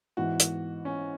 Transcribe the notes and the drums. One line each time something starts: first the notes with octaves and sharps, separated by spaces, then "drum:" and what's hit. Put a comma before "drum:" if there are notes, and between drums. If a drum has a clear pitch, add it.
G#2 E3 B3 E4 F#4
drum: hi-hat
C#4